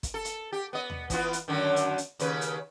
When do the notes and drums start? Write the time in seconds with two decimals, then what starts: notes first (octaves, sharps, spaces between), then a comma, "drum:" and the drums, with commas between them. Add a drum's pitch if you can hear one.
0.03 drum: kick, hi-hat
0.14 A4
0.25 drum: hi-hat
0.52 G4
0.73 B3 D#5
0.90 drum: tom D#2
1.10 E3 B3 F4, drum: kick, hi-hat
1.33 drum: hi-hat
1.48 F#2 D3 D#3
1.76 drum: hi-hat
1.98 drum: hi-hat
2.20 D#2 C#3 B4, drum: hi-hat
2.41 drum: hi-hat